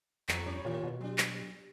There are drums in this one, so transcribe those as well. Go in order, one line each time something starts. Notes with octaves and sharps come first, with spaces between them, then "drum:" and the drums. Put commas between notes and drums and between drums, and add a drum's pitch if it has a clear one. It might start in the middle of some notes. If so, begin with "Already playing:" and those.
F2 F3, drum: clap
G2 G3 C#4 C#5
A#2 D#3 E3 F4 C#5
B2
F#3 G3 D4
drum: clap